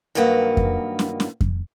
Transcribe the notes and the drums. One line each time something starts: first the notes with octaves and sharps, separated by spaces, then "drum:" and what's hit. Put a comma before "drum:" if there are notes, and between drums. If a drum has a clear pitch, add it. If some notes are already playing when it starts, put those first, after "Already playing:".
G2 D#3 F#3 A#3 B4 F#5
drum: kick F2
drum: snare
drum: snare
drum: kick F2